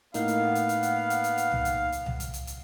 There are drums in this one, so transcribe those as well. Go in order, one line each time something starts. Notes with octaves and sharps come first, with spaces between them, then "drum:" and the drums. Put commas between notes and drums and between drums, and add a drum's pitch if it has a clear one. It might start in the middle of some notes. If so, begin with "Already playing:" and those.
A2 A#3 B3 D#4 F5 F#5, drum: hi-hat
drum: hi-hat
drum: hi-hat
drum: hi-hat
drum: hi-hat
drum: hi-hat
drum: hi-hat
drum: hi-hat
drum: tom C2
drum: hi-hat
drum: hi-hat
drum: tom C2
drum: hi-hat
drum: hi-hat
drum: hi-hat